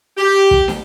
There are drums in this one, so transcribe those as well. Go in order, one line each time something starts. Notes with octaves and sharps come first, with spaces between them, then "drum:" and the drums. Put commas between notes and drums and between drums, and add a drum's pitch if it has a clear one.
G4
drum: kick
drum: snare